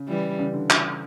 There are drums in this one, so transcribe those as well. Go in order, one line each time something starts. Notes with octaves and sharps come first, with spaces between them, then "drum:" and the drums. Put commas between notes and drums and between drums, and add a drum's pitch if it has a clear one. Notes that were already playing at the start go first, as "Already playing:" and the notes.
Already playing: C#3
E3 G3
C#3
D3
drum: clap